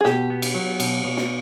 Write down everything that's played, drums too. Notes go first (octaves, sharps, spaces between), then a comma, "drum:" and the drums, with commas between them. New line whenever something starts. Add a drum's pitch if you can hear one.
G#4
B2 G4, drum: snare
B3
drum: cymbal
F#3
B2, drum: cymbal
B2
drum: snare